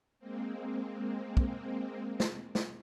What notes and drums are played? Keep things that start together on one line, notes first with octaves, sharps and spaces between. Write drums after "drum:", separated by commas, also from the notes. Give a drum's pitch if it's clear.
G#3 A#3 C4
drum: kick
drum: snare
drum: snare